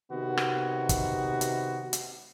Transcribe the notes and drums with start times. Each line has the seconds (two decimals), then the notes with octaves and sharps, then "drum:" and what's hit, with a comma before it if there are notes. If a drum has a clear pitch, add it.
0.12 C3 D#3 B3 F#4
0.37 drum: rim click
0.89 drum: kick, hi-hat
1.41 drum: hi-hat
1.93 drum: hi-hat